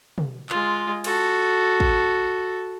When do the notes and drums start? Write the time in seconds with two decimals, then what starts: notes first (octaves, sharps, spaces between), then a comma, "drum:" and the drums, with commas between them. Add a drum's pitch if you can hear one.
0.18 drum: tom
0.49 G#3 F4, drum: clap
1.04 F#4 A4, drum: cymbal
1.80 drum: kick